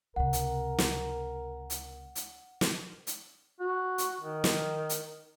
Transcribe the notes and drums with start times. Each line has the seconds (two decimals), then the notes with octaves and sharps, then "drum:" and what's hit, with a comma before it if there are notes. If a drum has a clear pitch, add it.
0.16 C#2 C3 A#4 F#5
0.33 drum: hi-hat
0.78 drum: snare
1.70 drum: hi-hat
2.15 drum: hi-hat
2.61 drum: snare
3.07 drum: hi-hat
3.60 F#4
3.98 drum: hi-hat
4.21 D#3
4.44 drum: snare
4.89 drum: hi-hat